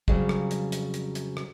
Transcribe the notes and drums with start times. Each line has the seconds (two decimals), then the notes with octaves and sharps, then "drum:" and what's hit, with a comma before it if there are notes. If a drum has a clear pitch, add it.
0.08 F2 C#3 F#3 G3, drum: kick
0.29 drum: rim click
0.51 drum: hi-hat
0.72 drum: hi-hat
0.94 drum: hi-hat
1.15 drum: hi-hat
1.37 drum: rim click